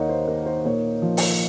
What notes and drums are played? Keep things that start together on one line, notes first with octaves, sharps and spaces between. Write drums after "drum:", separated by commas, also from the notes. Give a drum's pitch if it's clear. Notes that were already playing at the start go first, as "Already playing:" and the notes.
Already playing: D#2 D#3 D#4 C#5 F5 F#5
C5
A#3 A#4
C5
A#2 C#5
F3
drum: open hi-hat